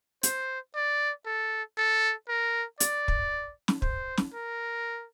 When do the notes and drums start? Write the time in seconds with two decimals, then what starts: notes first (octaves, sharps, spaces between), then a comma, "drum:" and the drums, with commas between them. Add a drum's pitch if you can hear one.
0.23 C5, drum: hi-hat
0.75 D5
1.26 A4
1.78 A4
2.29 A#4
2.80 D5, drum: hi-hat
3.08 drum: kick
3.68 drum: snare
3.82 C5, drum: kick
4.17 drum: snare
4.34 A#4